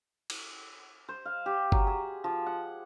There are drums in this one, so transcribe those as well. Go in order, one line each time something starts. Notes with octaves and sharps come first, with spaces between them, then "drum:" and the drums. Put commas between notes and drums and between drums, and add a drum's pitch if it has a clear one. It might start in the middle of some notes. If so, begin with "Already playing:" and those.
drum: cymbal
C5
F5
G4
F#3, drum: kick
G#4
F3
F#5